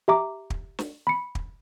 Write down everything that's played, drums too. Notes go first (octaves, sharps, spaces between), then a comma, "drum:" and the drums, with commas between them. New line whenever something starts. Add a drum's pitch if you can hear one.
G4 E5 A#5 D6
drum: kick
drum: snare
B5 C#7
drum: kick